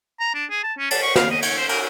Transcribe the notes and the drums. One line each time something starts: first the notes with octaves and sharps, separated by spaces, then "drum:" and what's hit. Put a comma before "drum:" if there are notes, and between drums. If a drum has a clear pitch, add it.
A#5
D4
G#4
A5
C#4
A5, drum: cymbal
C#6
F5, drum: snare
D#5
C#5, drum: cymbal
C5
A#4, drum: cymbal